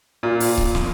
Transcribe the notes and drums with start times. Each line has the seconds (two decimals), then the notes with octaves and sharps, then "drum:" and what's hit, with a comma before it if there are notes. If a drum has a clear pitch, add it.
0.23 A#2
0.40 drum: open hi-hat
0.58 drum: kick C#1
0.75 drum: snare